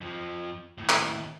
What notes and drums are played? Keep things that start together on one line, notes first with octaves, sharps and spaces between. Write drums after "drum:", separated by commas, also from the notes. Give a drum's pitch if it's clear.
F2 F3
D#2 A2
drum: clap